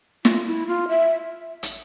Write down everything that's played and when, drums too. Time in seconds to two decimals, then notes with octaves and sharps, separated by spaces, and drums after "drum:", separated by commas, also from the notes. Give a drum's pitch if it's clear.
0.25 F4, drum: snare
0.46 E4
0.67 F4
0.88 E5
1.63 drum: hi-hat